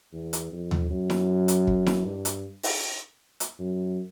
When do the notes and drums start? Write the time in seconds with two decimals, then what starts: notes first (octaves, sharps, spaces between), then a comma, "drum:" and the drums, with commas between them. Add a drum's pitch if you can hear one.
0.13 E2
0.33 drum: hi-hat
0.52 F2
0.71 drum: tom D#2
0.90 F#2
1.10 drum: snare E4
1.48 drum: hi-hat
1.67 drum: kick
1.86 drum: snare E4
2.05 G2
2.25 drum: hi-hat
2.63 drum: open hi-hat
3.40 drum: hi-hat
3.59 F#2